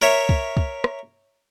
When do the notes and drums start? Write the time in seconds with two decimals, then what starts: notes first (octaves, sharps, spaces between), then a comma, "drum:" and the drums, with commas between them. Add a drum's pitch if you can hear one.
0.02 A#4 C#5 E5
0.29 drum: kick
0.57 drum: kick
0.84 drum: rim click